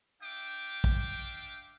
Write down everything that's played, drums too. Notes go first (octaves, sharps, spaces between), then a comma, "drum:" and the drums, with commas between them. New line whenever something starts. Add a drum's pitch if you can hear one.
D4 E5 F5 G5 D6
drum: kick